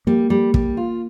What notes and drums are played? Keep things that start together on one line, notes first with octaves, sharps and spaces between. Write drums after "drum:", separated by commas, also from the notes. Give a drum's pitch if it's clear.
G3 A#3
G3
G3, drum: kick
F4